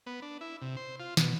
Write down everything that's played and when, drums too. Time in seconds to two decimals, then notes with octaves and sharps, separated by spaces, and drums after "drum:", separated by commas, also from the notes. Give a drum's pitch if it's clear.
0.06 B3
0.22 D4
0.41 E4
0.62 C3
0.77 C5
1.00 F4
1.17 B2, drum: snare